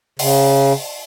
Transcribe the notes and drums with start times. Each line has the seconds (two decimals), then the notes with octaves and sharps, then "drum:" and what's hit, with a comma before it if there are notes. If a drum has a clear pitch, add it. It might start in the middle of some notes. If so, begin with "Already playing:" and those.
0.19 C#3, drum: open hi-hat